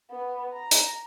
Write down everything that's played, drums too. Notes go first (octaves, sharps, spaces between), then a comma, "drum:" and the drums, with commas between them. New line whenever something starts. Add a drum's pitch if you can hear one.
B3
A#5
drum: hi-hat